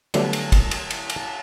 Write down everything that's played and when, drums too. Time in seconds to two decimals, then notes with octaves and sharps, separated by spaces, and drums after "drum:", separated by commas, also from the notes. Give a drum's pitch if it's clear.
0.14 D3 F#3 G3 A3 B3, drum: cymbal
0.33 drum: cymbal
0.52 drum: kick, cymbal
0.71 drum: cymbal
0.90 drum: cymbal
1.10 drum: cymbal